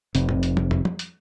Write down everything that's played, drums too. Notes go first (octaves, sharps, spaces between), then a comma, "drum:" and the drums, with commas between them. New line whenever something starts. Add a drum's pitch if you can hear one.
F1 C3, drum: hi-hat
drum: tom
drum: hi-hat
drum: tom
drum: tom
drum: tom
drum: hi-hat